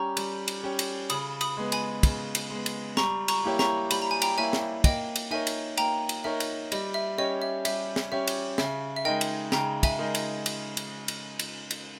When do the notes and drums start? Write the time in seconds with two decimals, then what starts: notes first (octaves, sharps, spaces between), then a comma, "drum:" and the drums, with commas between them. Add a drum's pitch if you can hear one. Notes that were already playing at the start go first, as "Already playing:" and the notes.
Already playing: G3 C#4 G4 A#5 C#6
0.17 G3, drum: cymbal
0.48 drum: cymbal
0.63 C#4 G4
0.79 drum: cymbal
1.10 C#3 B5 D#6, drum: cymbal
1.41 B5 D#6, drum: cymbal
1.57 G#3 B3
1.72 G#5 B5, drum: cymbal
2.03 C#3, drum: kick, cymbal
2.35 drum: cymbal
2.50 G#3 B3
2.66 drum: cymbal
2.97 G3 A#5 C#6, drum: snare
3.28 A#5 C#6, drum: cymbal
3.44 A#3 E4 G4 C#5
3.59 A#5 C#6, drum: snare
3.91 G3 B5, drum: cymbal
4.02 A#5
4.11 G#5
4.22 G5 A#5, drum: cymbal
4.38 A#3 E4 G4 C#5 E5 G#5
4.53 drum: snare
4.84 A#3 D#5 G5, drum: kick, cymbal
5.16 drum: cymbal
5.31 D#4 A#4 C#5 E5 G#5
5.47 drum: cymbal
5.77 A#3 G5 A#5, drum: cymbal
6.09 drum: cymbal
6.24 D#4 A#4 C#5 E5
6.40 drum: cymbal
6.72 G3 D#5, drum: cymbal
6.94 E5
7.18 C#4 G4 C#5 D#5
7.42 E5
7.65 G3 E5, drum: cymbal
7.96 drum: snare
8.12 C#4 G4 C#5 E5
8.27 drum: cymbal
8.58 C#3 E5, drum: snare
8.96 E5
9.05 G#3 D#4 A#4 D#5 G5
9.21 drum: cymbal
9.52 C#3 G5 A#5, drum: snare
9.83 E5 G#5, drum: kick, cymbal
9.99 G#3 D#4 A#4
10.15 drum: cymbal
10.46 drum: cymbal
10.77 drum: cymbal
11.08 drum: cymbal
11.39 drum: cymbal
11.71 drum: cymbal